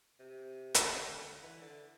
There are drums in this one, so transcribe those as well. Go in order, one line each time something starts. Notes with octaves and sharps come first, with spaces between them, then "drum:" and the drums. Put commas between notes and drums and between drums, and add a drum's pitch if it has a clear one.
C3
C3, drum: hi-hat
D3
E3
D3